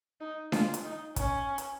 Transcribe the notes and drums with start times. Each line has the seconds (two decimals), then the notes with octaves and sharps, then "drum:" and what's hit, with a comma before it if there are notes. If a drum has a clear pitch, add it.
0.21 D#4
0.52 F4, drum: snare D4
0.74 drum: hi-hat
0.84 D#4
1.16 C#4, drum: kick, hi-hat
1.58 drum: hi-hat